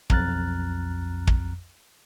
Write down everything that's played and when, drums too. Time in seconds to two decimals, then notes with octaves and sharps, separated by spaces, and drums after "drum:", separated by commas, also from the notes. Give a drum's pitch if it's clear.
0.10 B1 F2 A#5 F6 F#6 A6, drum: kick
1.27 drum: kick